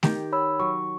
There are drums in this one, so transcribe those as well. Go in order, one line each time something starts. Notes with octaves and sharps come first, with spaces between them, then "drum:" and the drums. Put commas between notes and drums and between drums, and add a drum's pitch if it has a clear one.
D#3 G4, drum: snare A3
C#5 B5 E6
F#3 C#6